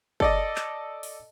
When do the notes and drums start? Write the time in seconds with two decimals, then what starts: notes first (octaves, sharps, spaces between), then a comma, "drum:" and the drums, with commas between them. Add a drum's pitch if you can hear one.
0.20 A4 D5 D#5, drum: kick
0.56 drum: clap
1.03 drum: open hi-hat